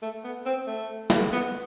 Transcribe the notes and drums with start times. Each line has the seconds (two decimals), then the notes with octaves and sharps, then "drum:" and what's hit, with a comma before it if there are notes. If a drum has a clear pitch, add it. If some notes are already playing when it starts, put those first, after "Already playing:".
0.02 A3
0.24 B3
0.46 C4
0.67 A3
1.10 drum: snare
1.32 B3